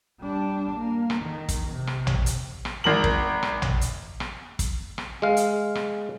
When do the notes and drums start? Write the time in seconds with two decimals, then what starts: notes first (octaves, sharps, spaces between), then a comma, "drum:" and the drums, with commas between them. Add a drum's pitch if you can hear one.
0.21 G3 D4
0.77 A#3
1.10 drum: rim click
1.22 D#3
1.49 drum: kick, hi-hat
1.68 C3
1.87 drum: rim click
2.07 drum: tom A1
2.26 drum: hi-hat
2.65 drum: rim click
2.84 G#1 A#4 F#7
3.04 drum: kick
3.43 drum: rim click
3.62 drum: tom A1
3.81 drum: hi-hat
4.20 drum: rim click
4.59 drum: kick, hi-hat
4.98 drum: rim click
5.22 G#3 F5
5.37 drum: hi-hat
5.75 drum: rim click